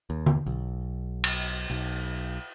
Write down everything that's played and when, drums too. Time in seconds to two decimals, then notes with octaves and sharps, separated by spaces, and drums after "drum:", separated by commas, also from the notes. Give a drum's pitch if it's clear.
0.10 D#2
0.26 drum: tom D3
0.46 B1
1.24 drum: cymbal
1.70 B1